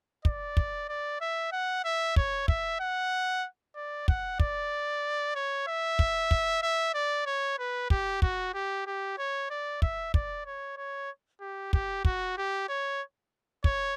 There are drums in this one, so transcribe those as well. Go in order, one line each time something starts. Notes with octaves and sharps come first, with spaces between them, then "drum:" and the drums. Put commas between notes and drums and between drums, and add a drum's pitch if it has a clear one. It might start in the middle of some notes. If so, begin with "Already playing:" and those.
D5, drum: kick
drum: kick
D5
E5
F#5
E5
C#5, drum: kick
E5, drum: kick
F#5
D5
F#5, drum: kick
D5, drum: kick
C#5
E5
drum: kick
drum: kick
E5
D5
C#5
B4
G4, drum: kick
F#4, drum: kick
G4
G4
C#5
D5
E5, drum: kick
D5, drum: kick
C#5
C#5
G4
G4, drum: kick
F#4, drum: kick
G4
C#5
C#5, drum: kick